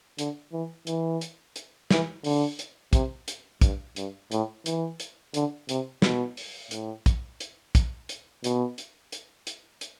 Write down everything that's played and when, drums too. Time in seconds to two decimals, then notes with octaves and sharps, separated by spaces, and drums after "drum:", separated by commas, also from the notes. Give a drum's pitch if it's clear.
0.19 D3, drum: hi-hat
0.53 E3
0.87 E3, drum: hi-hat
1.21 drum: hi-hat
1.56 drum: hi-hat
1.91 E3, drum: snare
2.24 D3, drum: open hi-hat
2.59 drum: hi-hat
2.93 C3, drum: kick, hi-hat
3.28 drum: hi-hat
3.61 G2, drum: kick, hi-hat
3.96 G2, drum: hi-hat
4.31 A2, drum: hi-hat
4.66 E3, drum: hi-hat
5.00 drum: hi-hat
5.34 D3, drum: hi-hat
5.69 C3, drum: hi-hat
6.02 B2, drum: snare
6.37 drum: open hi-hat
6.71 A2, drum: hi-hat
7.06 drum: kick, hi-hat
7.40 drum: hi-hat
7.75 drum: kick, hi-hat
8.09 drum: hi-hat
8.44 B2, drum: hi-hat
8.78 drum: hi-hat
9.12 drum: hi-hat
9.47 drum: hi-hat
9.81 drum: hi-hat